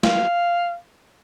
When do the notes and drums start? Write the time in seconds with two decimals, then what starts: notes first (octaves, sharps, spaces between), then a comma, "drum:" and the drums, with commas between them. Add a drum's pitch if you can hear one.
0.03 F5, drum: snare